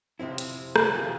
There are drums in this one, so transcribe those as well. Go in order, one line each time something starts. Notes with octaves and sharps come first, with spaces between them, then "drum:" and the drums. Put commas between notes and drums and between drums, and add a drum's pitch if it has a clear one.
F2 C3 F3 C4 E4
drum: hi-hat
drum: rim click
C3 E3 A#3 F4 G#4